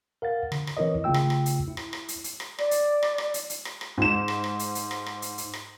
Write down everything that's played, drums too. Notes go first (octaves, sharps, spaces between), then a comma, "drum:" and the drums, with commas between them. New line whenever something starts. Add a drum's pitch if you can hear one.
A#4 F5 F#5 A6
D3, drum: rim click
drum: rim click
E3 C4 E4 A#4 C#5 D#5
A1 C#3 A3 F4 G5 E6
drum: rim click
drum: rim click
drum: hi-hat
E4
drum: rim click
drum: rim click
drum: hi-hat
drum: hi-hat
drum: rim click
D5, drum: rim click
drum: hi-hat
drum: rim click
drum: rim click
drum: hi-hat
drum: hi-hat
drum: rim click
drum: rim click
G#2 E7
drum: rim click
drum: rim click
drum: hi-hat
drum: hi-hat
drum: rim click
drum: rim click
drum: hi-hat
drum: hi-hat
drum: rim click